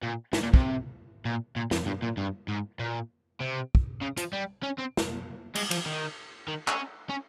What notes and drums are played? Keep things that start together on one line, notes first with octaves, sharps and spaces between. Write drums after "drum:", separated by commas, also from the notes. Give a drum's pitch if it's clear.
A#2
G#2, drum: snare
A#2
C3, drum: kick
A#2
A#2
F2, drum: snare
G2
A#2
G2
G#2
A#2
C3
drum: kick
C#3
F3, drum: hi-hat
G3
C#4
C4
drum: snare
G#3, drum: cymbal
F3, drum: cymbal
D#3
D#3
C#4, drum: clap
C#4